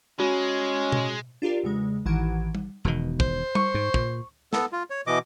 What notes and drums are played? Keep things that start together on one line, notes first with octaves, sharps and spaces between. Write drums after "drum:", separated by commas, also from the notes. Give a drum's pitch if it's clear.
G#3 C#4 F#4
drum: tom B2
D4 F4 G4 A#4 D5
E2 C#3 G#3
A1 D#3 E3 F#5 G#6 D7
drum: tom G3
E1 B2 D#3
C5, drum: kick
C#6, drum: tom G3
G#2
A#2, drum: kick
B3 A4, drum: snare
F4
C#5
B2 E3 D#5 D6